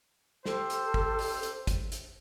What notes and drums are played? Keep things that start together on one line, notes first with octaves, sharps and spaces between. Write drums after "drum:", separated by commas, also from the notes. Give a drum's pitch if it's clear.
G4 A4 C5, drum: snare
drum: hi-hat
drum: kick
drum: open hi-hat
drum: hi-hat
drum: kick, hi-hat
drum: hi-hat